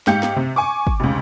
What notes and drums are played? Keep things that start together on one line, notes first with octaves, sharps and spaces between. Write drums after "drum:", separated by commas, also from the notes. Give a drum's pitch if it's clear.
G#2 G#3 G4 F5 G6 C#7, drum: snare
drum: snare
C3
G#5 C#6 D6
drum: kick
F1 C#2